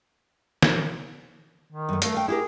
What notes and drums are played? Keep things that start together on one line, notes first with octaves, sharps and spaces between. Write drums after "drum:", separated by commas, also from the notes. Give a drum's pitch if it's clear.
drum: snare
D#3
F#2 A3
A3 A#4 F5, drum: hi-hat
F5 G5
E4 G4 G#4 A#4